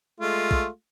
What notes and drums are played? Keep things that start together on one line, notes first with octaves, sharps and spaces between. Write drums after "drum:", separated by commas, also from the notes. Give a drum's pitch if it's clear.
G#3 A3 F4
drum: kick